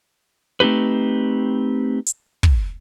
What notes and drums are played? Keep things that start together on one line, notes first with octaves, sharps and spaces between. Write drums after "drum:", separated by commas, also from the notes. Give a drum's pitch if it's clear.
A3 C4 D#4 G4 B4
drum: hi-hat
drum: kick